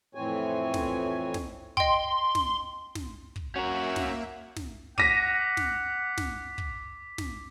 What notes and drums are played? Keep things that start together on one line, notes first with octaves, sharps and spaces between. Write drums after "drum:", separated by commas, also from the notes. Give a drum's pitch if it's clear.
F2 A2 E3 C4 C#5 G#5
drum: snare
drum: snare
D#5 G5 C6, drum: kick
drum: snare
drum: snare
drum: kick
A#3 C#4 F#4 A#4 E5
drum: snare
drum: snare
F#5 D6 A#6 B6 D#7, drum: kick
drum: snare
drum: snare
drum: kick
drum: snare